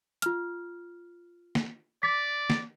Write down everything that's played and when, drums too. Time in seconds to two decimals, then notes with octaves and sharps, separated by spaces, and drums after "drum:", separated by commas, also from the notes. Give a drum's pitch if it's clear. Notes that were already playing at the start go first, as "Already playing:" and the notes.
0.22 F4 F6, drum: hi-hat
1.55 drum: snare
2.03 D5 D6 A6 B6
2.50 drum: snare